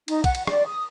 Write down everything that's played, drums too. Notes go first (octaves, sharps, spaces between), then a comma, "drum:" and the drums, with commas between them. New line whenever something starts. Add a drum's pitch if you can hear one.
D#4, drum: cymbal
F#5, drum: kick, cymbal
drum: cymbal
D5, drum: rim click
D#6